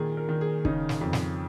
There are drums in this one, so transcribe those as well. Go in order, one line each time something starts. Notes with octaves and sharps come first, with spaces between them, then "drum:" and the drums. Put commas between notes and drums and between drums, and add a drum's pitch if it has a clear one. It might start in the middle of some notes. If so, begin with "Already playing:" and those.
Already playing: A#2 D#3 G#4
A#4
D#3
G#4
C#3 D#4, drum: kick
drum: snare
F2
drum: snare